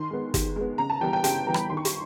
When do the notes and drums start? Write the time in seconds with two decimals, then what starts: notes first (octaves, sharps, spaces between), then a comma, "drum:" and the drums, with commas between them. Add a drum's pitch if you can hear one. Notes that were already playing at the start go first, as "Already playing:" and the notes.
Already playing: D#3 C6
0.11 G#3 B3
0.34 D#3, drum: kick, hi-hat
0.56 G#3 B3
0.78 C#3 A#5
0.90 A5
1.01 E3 G3 B3 G5
1.13 G5
1.24 C#3 G5, drum: hi-hat
1.46 E3 G3 B3 A#5
1.54 B5, drum: rim click
1.70 D#3 C6
1.77 C#6
1.85 C6, drum: hi-hat